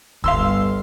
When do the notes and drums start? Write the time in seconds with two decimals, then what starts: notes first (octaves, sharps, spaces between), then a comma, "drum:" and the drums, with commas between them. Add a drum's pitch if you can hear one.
0.24 G1 F5 C6 E6, drum: kick C#2